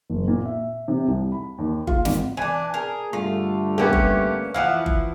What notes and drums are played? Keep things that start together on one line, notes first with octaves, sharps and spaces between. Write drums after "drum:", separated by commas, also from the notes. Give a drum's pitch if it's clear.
F#1
A#2
E5
C3
C2
B5
D#2
F4, drum: kick G1
G#1, drum: snare
E3 D4 G#5
G#4 A#4
G2 D3 A3 F4
A#3 B3 C#4 G4
drum: kick G1
E3 F3 E4 F5 F#5
drum: kick G1